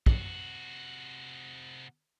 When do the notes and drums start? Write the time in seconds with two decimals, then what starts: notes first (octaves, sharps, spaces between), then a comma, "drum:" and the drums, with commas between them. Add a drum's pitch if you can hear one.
0.06 C3 F#4, drum: kick